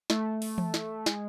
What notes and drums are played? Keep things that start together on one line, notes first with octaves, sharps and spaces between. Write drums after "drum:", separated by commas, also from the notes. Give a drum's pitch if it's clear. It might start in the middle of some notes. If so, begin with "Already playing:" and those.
A3, drum: snare
drum: open hi-hat
drum: tom E3
drum: snare
G#3, drum: snare